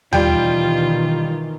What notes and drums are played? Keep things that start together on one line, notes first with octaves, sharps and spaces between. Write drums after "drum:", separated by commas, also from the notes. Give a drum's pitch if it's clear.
B2 D#3 E3 G3 F4 G5, drum: tom D#2